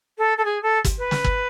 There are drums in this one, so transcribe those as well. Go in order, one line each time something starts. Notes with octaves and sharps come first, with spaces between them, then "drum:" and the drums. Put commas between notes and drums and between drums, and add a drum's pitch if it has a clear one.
A4
A4
G#4
A4
drum: kick, hi-hat
B4
drum: snare
drum: kick